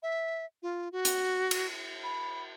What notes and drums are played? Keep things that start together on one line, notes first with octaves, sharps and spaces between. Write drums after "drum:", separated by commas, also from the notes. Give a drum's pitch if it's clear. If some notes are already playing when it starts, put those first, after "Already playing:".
E5
F4
F#4
drum: hi-hat
drum: cymbal
B5